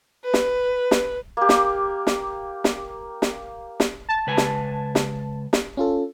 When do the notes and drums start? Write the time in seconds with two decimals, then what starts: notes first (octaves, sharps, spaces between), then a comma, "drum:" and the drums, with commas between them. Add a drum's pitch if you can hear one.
0.24 B4
0.34 drum: snare
0.91 drum: snare
1.37 A#3 G4
1.49 drum: snare
2.07 drum: snare
2.64 drum: snare
3.22 drum: snare
3.80 drum: snare
4.09 A5
4.27 C#2 B4 G#5
4.37 drum: snare
4.95 drum: snare
5.53 drum: snare
5.77 C#4 F4 A4